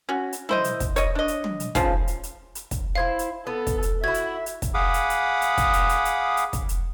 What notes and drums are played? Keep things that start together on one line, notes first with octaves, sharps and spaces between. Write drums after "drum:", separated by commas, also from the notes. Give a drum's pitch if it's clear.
C#4 F#4
drum: hi-hat
E4 C5 D#5, drum: tom
drum: hi-hat
drum: kick, hi-hat
C#5 D#5, drum: hi-hat
D4 D#5
drum: hi-hat
drum: tom
drum: hi-hat
C#3 F3, drum: kick, hi-hat
drum: hi-hat
drum: hi-hat
drum: hi-hat
drum: kick, hi-hat
E4 C5 E5 F5 G#6
drum: hi-hat
B3 A4
drum: kick, hi-hat
drum: hi-hat
E4 F#4 E5 G#6
drum: hi-hat
drum: hi-hat
drum: kick, hi-hat
G#4 F5 F#5 B5 D6 D#6
drum: hi-hat
drum: hi-hat
drum: hi-hat
drum: kick, hi-hat
drum: hi-hat
drum: hi-hat
drum: hi-hat
drum: hi-hat
drum: kick, hi-hat
drum: hi-hat